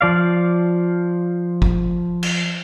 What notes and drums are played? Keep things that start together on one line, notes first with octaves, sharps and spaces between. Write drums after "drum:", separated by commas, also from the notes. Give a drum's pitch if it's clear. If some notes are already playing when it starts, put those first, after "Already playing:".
F3 D5 F5
drum: kick
drum: cymbal